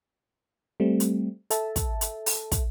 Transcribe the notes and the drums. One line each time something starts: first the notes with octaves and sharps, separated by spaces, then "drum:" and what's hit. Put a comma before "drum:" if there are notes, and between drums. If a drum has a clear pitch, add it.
G3 A3 C4
drum: hi-hat
A4 E5 A5, drum: hi-hat
drum: kick, hi-hat
drum: hi-hat
drum: open hi-hat
drum: kick, hi-hat